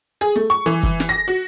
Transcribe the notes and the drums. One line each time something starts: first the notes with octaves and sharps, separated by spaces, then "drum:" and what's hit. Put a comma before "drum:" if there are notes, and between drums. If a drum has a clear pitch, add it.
G#4
A3
C#6
E3
drum: kick
drum: snare
A#6
F#4